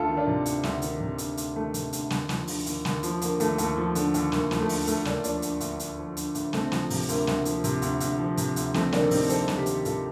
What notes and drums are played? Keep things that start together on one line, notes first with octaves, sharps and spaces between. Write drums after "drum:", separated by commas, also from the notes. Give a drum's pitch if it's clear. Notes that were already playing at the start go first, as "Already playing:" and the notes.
Already playing: D2 F4 A4
D#3
D4 F4
C3
D2, drum: hi-hat
D2, drum: snare
D#3, drum: hi-hat
C3
D2, drum: hi-hat
D2, drum: hi-hat
D#3 A3
C3, drum: hi-hat
D2, drum: hi-hat
D#2, drum: snare
F3, drum: snare
D3, drum: open hi-hat
D#2, drum: hi-hat
D#2, drum: snare
F3, drum: hi-hat
D3 A#3, drum: hi-hat
D#2 A3, drum: hi-hat
D#2 A3, drum: hi-hat
F3
D3, drum: hi-hat
D#2, drum: hi-hat
D2 A#3, drum: snare
F3, drum: snare
A3
D3, drum: open hi-hat
D2 A3, drum: hi-hat
D2 A#3 D4, drum: snare
F3 A#3 D4, drum: hi-hat
D3, drum: hi-hat
D2, drum: hi-hat
D2, drum: hi-hat
F3
D3, drum: hi-hat
D2, drum: hi-hat
D2 A3 C4, drum: snare
F3, drum: snare
C3, drum: open hi-hat
D2 A#3, drum: hi-hat
D2, drum: snare
F3, drum: hi-hat
C3, drum: hi-hat
D2, drum: hi-hat
D2, drum: hi-hat
F3
C3, drum: hi-hat
D2, drum: hi-hat
F2 A3 C4, drum: snare
D#3 A#3 D4, drum: snare
C3 C4 D#4, drum: open hi-hat
F2 A4 C5, drum: hi-hat
F2, drum: snare
G4 A#4
D#3, drum: hi-hat
C3 F4 A4, drum: hi-hat